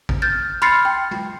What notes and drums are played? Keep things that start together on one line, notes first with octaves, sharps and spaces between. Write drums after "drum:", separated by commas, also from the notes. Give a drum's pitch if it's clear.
drum: kick
F6 G6 A6
B5 C6 F6 A6 C7 C#7
G5
drum: tom G#3